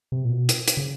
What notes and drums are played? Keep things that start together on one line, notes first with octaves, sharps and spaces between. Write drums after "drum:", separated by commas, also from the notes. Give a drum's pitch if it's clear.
C3
A#2
B2
drum: hi-hat
drum: hi-hat
C#3